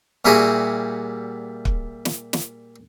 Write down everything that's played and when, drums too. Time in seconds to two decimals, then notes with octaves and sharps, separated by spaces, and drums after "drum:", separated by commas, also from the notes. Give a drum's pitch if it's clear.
0.25 A#2 G3 E4 F#4 G#4 B5
1.65 drum: kick
2.05 drum: snare
2.33 drum: snare